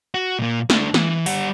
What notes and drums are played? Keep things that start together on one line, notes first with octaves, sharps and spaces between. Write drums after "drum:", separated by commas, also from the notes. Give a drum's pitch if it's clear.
F#4
A#2 A#3
A3 D4, drum: snare
E3, drum: snare
G3 F#5, drum: open hi-hat